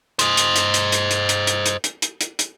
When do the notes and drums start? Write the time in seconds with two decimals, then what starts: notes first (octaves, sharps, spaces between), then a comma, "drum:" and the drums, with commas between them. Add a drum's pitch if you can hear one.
0.19 C5 D#5, drum: hi-hat
0.37 drum: hi-hat
0.56 drum: hi-hat
0.74 drum: hi-hat
0.92 drum: hi-hat
1.11 drum: hi-hat
1.29 drum: hi-hat
1.47 drum: hi-hat
1.66 drum: hi-hat
1.84 drum: hi-hat
2.02 drum: hi-hat
2.21 drum: hi-hat
2.39 drum: hi-hat